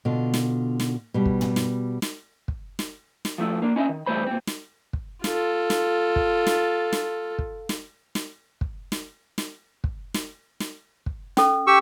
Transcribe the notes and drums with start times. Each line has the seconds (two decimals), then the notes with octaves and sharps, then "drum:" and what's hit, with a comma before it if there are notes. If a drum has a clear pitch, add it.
0.05 B2 D3 F4
0.34 drum: snare
0.80 drum: snare
1.14 B2 G3
1.26 drum: kick
1.41 drum: tom
1.56 drum: snare
2.02 drum: snare
2.48 drum: kick
2.79 drum: snare
3.25 drum: snare
3.38 F3 A3 E4
3.62 A#3 D4
3.76 C#4 E4 D#5 E5
3.89 D#3
4.06 B1 E3 G3 A3 C5 B5
4.27 A#2 C4
4.47 drum: snare
4.93 drum: kick
5.24 F4 A4, drum: snare
5.70 drum: snare
6.16 drum: kick
6.47 drum: snare
6.93 drum: snare
7.39 drum: kick
7.69 drum: snare
8.15 drum: snare
8.61 drum: kick
8.92 drum: snare
9.38 drum: snare
9.84 drum: kick
10.14 drum: snare
10.60 drum: snare
11.06 drum: kick
11.37 C#4 A4, drum: snare
11.67 G4 C#6 E6